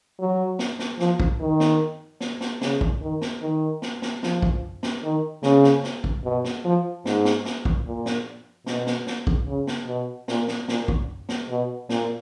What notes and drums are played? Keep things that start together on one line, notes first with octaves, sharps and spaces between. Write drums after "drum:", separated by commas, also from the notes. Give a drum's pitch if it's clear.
F#3
drum: snare
drum: snare
F3, drum: snare
drum: kick
D#3
drum: snare
drum: snare
drum: snare
C#3, drum: snare
drum: kick
D#3
drum: snare
D#3
drum: snare
drum: snare
F3, drum: snare
drum: kick
drum: snare
D#3
C#3, drum: snare
drum: snare
drum: snare
drum: kick
B2
drum: snare
F3
G#2, drum: snare
drum: snare
drum: snare
drum: kick
A#2
drum: snare
B2, drum: snare
drum: snare
drum: snare
drum: kick
C#3
drum: snare
B2
A#2, drum: snare
drum: snare
A#2, drum: snare
drum: kick
drum: snare
B2
A#2, drum: snare